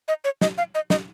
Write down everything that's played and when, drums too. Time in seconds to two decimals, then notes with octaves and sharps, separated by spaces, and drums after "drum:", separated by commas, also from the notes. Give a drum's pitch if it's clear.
0.08 D#5
0.24 C#5
0.41 D#5, drum: snare
0.58 F5
0.75 D#5
0.90 D#5, drum: snare